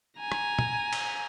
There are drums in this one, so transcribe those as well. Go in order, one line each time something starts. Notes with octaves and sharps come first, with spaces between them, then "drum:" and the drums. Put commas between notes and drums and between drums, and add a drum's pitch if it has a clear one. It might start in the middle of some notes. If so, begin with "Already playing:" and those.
G#5 A#5
drum: rim click
drum: tom
drum: cymbal